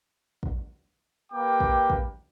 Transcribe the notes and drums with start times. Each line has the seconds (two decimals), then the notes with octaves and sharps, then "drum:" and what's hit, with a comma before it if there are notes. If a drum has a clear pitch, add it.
0.43 drum: kick
1.31 A#3 G4 B4 G5 D6
1.60 drum: kick
1.90 drum: kick